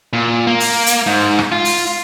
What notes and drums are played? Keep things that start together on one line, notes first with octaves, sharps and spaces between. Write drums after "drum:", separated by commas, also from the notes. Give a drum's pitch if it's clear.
A#2
A#3
drum: open hi-hat
drum: hi-hat
G#2
drum: rim click
F4
drum: open hi-hat